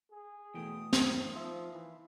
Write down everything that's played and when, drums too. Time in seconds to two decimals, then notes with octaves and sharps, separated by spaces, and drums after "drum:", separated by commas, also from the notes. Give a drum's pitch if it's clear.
0.11 G#4
0.54 E2 B2 E3 A3 G5 D#6
0.93 A#3 C4 D#4, drum: snare
1.32 F3 E5 F5 C6
1.72 E3